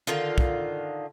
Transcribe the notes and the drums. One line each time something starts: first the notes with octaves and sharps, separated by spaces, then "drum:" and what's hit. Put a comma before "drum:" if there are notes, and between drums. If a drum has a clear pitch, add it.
D3 D#3 F4
drum: kick